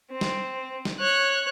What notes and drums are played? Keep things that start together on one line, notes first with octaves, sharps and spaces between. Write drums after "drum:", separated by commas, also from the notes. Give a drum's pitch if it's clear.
C4
drum: snare
drum: snare
C#5 F#6